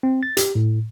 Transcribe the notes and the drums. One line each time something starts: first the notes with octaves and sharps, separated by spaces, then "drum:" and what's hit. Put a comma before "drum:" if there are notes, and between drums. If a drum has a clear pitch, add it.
C4
A6
G4, drum: hi-hat
A2